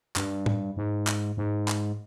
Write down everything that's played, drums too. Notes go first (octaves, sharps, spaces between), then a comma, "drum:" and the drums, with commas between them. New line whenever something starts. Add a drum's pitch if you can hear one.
G2, drum: clap
drum: tom
G#2
drum: clap
G#2
drum: clap